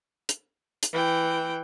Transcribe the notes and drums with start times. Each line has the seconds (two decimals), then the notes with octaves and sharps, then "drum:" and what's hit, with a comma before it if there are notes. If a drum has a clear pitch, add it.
0.29 drum: hi-hat
0.83 drum: hi-hat
0.93 E3 G5